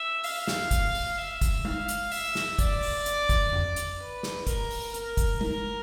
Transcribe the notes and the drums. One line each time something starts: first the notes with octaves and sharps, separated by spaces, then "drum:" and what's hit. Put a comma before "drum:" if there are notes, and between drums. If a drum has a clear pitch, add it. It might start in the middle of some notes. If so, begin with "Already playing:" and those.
Already playing: E5
F5, drum: open hi-hat
drum: snare
drum: kick, hi-hat
drum: open hi-hat
E5
drum: kick, hi-hat
F5, drum: tom G#3
drum: hi-hat
E5, drum: open hi-hat
drum: snare
D5, drum: kick, hi-hat
drum: open hi-hat
drum: hi-hat
drum: kick, hi-hat
drum: tom F2
drum: hi-hat
B4
drum: snare
A#4, drum: kick, hi-hat
drum: open hi-hat
A#4, drum: hi-hat
drum: kick, hi-hat
A#4, drum: tom G#3